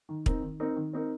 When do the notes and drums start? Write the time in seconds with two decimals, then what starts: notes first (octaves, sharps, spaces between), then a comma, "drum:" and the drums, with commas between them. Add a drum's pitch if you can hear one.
0.09 D#3
0.26 C4 D#4 A#4, drum: kick
0.42 D#3
0.60 C4 D#4 A#4
0.76 D#3
0.93 C4 D#4 A#4